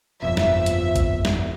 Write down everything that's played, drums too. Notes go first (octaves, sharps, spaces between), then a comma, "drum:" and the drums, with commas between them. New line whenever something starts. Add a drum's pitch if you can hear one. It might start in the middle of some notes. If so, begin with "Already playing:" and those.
G1 F2 B2 F3 E5
drum: snare
drum: hi-hat
drum: kick A1, hi-hat
drum: snare